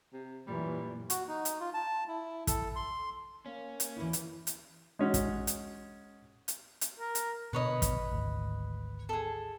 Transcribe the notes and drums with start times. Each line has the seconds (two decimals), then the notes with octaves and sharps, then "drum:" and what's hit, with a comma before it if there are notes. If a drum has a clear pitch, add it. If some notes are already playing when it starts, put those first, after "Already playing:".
0.13 C3
0.47 F#2 A#2 E3 G3
1.10 F#4, drum: hi-hat
1.28 D#4
1.45 drum: hi-hat
1.60 F4
1.74 A5
2.08 E4
2.47 A4, drum: kick, hi-hat
2.76 C6
3.46 A#3 C#4
3.80 drum: hi-hat
3.96 D2 E3 E4
4.13 drum: hi-hat
4.47 drum: hi-hat
4.99 G#3 C#4 F#4
5.14 drum: kick, hi-hat
5.47 drum: hi-hat
6.48 drum: hi-hat
6.81 drum: hi-hat
7.00 A#4
7.15 drum: hi-hat
7.53 B2 D3 B4 C#5 D#5
7.82 drum: kick, hi-hat
8.11 G#1 D2
9.09 G#4 A4